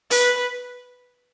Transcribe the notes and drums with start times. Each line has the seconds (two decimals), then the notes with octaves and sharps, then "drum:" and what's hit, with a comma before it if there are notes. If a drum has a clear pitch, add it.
0.11 B4, drum: open hi-hat